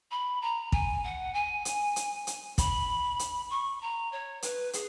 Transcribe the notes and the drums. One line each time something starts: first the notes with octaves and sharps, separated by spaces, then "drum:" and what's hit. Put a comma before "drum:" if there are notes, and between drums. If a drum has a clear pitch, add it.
B5
A#5
G#5, drum: kick
F#5
G#5
drum: hi-hat
drum: hi-hat
drum: hi-hat
B5, drum: kick, hi-hat
drum: hi-hat
C#6
A#5
C#5
B4, drum: hi-hat
G#4, drum: hi-hat